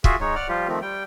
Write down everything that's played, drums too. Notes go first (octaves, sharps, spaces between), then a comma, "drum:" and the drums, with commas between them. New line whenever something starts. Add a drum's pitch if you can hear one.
F4 F#4 G#4 E5, drum: kick
G#3 D#4 C#5
D5 F#5 F6
F3 G3 F4 G4
D#3 F3 A3 C4
G3 G5